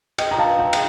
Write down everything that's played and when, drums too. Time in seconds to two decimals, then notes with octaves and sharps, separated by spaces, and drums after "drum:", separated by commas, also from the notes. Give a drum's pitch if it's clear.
0.18 D#5 G5, drum: cymbal
0.31 A#5
0.38 F5 A5
0.59 G5 A#5
0.73 drum: cymbal